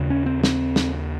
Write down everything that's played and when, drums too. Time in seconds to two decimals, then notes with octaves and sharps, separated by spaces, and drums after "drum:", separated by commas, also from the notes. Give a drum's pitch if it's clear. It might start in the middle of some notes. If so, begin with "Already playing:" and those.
Already playing: D#2 C#3
0.10 C#4
0.26 C4
0.43 C4, drum: snare
0.76 drum: snare